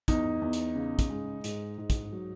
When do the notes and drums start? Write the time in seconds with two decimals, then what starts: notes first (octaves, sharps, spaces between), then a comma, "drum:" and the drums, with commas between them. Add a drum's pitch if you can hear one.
0.08 E2 D#4, drum: kick, hi-hat
0.42 E2
0.53 drum: hi-hat
0.75 C#3
0.99 drum: kick, hi-hat
1.10 G#3
1.44 G#2, drum: hi-hat
1.78 G#2
1.90 drum: kick, hi-hat
2.12 F#3